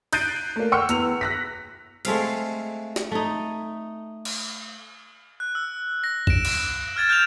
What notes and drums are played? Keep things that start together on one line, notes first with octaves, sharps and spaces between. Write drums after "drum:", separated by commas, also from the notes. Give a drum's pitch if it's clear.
F#6 G6 A6 C7 D7 D#7, drum: cymbal
A3 A#3
F#5 G5 C#6 E6 F6 C#7
E2 F7, drum: hi-hat
F#6 A#6 B6
G#3 A3 C4 F5, drum: cymbal
drum: snare
A3 D#4
drum: cymbal
F#6
E6
A#6
D7 E7, drum: kick
drum: cymbal
F6 G#6 A6 E7
F6 G6 E7 F7